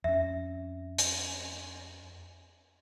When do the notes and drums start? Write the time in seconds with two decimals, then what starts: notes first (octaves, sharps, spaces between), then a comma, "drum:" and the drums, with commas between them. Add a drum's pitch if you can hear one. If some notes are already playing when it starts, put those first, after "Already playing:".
0.04 F2 C#4 E5
0.98 drum: hi-hat